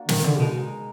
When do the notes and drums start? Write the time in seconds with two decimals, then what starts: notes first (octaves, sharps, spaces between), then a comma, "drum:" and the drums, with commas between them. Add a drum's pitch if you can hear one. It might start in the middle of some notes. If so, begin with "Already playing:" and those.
Already playing: A#3 D4 F#4
0.09 D#3, drum: snare
0.24 D3, drum: tom
0.38 B2 G#3 D#4 A#4